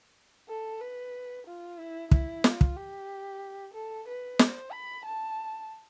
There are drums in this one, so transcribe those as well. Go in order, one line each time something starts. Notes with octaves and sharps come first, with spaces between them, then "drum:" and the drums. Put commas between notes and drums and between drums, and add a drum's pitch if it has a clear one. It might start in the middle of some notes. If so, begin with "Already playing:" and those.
A4
B4
F4
E4
E4, drum: kick
F4, drum: snare
drum: kick
G4
A4
B4
C5, drum: snare
B5
A5